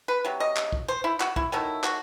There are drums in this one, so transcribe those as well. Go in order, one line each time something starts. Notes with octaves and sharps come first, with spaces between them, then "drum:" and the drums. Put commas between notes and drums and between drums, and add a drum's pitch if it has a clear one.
B4
C3 F#3
D#5
drum: clap
drum: kick
C5
E4
F#4, drum: clap
E4, drum: kick
D#3 F#3 A3 E4
F#4, drum: clap